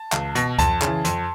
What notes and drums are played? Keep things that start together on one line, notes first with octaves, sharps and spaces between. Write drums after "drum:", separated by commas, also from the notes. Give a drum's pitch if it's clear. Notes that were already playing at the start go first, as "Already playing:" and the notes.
Already playing: A5
C#2, drum: clap
B2, drum: hi-hat
F2 A5, drum: kick C#2, hi-hat
C#3 E3, drum: clap
F2, drum: hi-hat